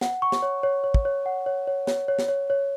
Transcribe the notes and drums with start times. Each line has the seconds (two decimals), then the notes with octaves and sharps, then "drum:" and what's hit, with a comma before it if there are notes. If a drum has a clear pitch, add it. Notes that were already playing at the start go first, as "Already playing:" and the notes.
0.01 F#5, drum: snare
0.22 C#6
0.32 drum: snare
0.42 C#5
0.63 C#5
0.84 C#5
0.94 drum: kick
1.05 C#5
1.26 F#5
1.46 C#5
1.67 C#5
1.87 C#5, drum: snare
2.08 C#5
2.19 drum: snare
2.29 C#5
2.50 C#5